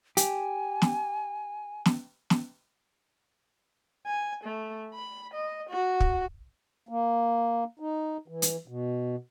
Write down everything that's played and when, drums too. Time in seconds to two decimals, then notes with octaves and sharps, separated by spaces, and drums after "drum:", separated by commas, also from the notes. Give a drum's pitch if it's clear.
0.17 G4 G#5, drum: hi-hat
0.82 drum: snare
1.86 drum: snare
2.30 drum: snare
4.07 G#5
4.43 A3
4.94 B5
5.33 D#5
5.69 F#4
6.00 drum: kick
6.89 A#3
7.80 D#4
8.28 E3
8.42 drum: hi-hat
8.68 B2